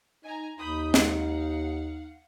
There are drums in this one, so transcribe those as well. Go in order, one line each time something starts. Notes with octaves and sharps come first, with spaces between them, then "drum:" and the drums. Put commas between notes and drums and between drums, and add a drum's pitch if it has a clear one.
D#4 G#5 A#5
D#2 D#4 B5 D#6 G6
F5 F#5, drum: snare